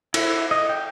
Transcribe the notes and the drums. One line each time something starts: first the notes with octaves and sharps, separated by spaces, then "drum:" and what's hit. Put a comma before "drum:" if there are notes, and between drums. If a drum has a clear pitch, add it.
E4, drum: cymbal
D#5
G5